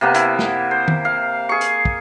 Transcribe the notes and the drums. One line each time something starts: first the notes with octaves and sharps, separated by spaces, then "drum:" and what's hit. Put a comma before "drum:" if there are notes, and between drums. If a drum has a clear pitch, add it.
C3 A#3 B3
E4, drum: hi-hat
drum: snare
C5
drum: tom D#3
F5
G#4 C#6
drum: hi-hat
drum: kick